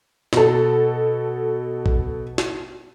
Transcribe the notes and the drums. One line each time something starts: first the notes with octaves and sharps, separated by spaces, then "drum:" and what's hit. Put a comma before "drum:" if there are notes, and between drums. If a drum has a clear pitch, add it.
B2 A4, drum: snare
drum: kick
drum: snare